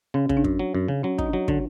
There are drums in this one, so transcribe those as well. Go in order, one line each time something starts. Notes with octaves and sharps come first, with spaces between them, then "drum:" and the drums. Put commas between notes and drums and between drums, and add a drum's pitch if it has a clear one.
C#3 C#4
C#3, drum: kick
D4
F#2, drum: kick
F#3
F#2
C#3
F#3 C#4
D#4, drum: kick
D4
F#3
D3 D4, drum: kick